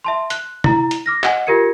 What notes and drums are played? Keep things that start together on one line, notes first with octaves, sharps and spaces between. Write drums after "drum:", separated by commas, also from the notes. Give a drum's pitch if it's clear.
E5 A5 C6
F#6, drum: hi-hat
E4 A#5, drum: tom
drum: hi-hat
D6 F6 A#6
D#5 F#5 G#5, drum: clap
F4 G4 A#4 G#6 C#7